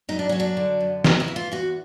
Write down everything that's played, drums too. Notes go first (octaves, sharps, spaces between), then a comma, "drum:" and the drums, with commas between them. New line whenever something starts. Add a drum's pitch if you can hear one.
F#2 D#4
D4
F#3 C#4
D4
D3
F#2
E2 D#4, drum: snare
E4
E3
F4
E2 F#4